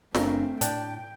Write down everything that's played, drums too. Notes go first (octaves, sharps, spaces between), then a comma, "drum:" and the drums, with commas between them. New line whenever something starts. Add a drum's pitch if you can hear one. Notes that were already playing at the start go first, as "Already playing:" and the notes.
F#1 C#3 A3 C4 D4 A#4, drum: snare
A2 D4 G4 G5, drum: hi-hat